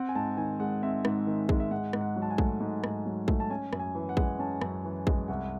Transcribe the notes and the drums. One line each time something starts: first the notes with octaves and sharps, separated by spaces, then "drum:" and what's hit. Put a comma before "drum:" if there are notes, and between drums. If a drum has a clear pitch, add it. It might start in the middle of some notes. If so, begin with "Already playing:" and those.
Already playing: C4 F#5
G#5
G#2 A5
D#3 G#5
G#3 F#5
C4 E5
G#2, drum: rim click
D#3
G#3, drum: kick
E5
G#2 F#5
G#2, drum: rim click
F#5
F#3
A5
G#5
A3, drum: kick
G#2
G#2, drum: rim click
F#3
A3, drum: kick
A5
C#4 G#5
F#2, drum: rim click
G#5
E3
F#5
G#3, drum: kick
C#4 A5
F#2, drum: rim click
E3
G#3, drum: kick
C2 F#5